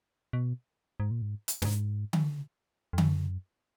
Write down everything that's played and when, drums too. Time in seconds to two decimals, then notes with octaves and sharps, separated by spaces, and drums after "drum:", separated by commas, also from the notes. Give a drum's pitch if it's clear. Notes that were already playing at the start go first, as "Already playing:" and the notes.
0.33 B2
1.00 G#2
1.11 A#2
1.22 G#2
1.48 drum: hi-hat
1.62 F#2, drum: snare
1.65 G#2
2.13 drum: tom D3
2.93 F2
2.98 F#2, drum: tom D3